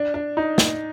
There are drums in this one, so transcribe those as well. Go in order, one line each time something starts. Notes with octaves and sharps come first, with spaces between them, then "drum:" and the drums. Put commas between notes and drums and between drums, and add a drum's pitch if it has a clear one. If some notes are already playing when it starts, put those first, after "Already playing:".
Already playing: D4
D4
D#4
drum: snare